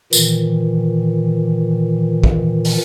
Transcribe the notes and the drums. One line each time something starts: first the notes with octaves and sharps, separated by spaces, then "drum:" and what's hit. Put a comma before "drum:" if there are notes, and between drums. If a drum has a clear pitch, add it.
A#2 D#3 E3, drum: tambourine
drum: kick
drum: open hi-hat